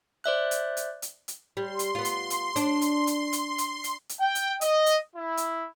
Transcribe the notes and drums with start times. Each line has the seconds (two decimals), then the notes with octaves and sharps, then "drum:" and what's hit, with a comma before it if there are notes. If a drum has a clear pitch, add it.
0.24 C5 D5 E5 F#6
0.51 drum: hi-hat
0.77 drum: hi-hat
1.02 drum: hi-hat
1.28 drum: hi-hat
1.57 G3 C6
1.79 drum: hi-hat
1.95 B3 F4
2.05 drum: hi-hat
2.30 drum: hi-hat
2.56 D4, drum: hi-hat
2.81 drum: hi-hat
3.07 drum: hi-hat
3.33 drum: hi-hat
3.58 drum: hi-hat
3.84 drum: hi-hat
4.09 drum: hi-hat
4.19 G5
4.35 drum: hi-hat
4.61 D#5, drum: hi-hat
4.86 drum: hi-hat
5.15 E4
5.37 drum: hi-hat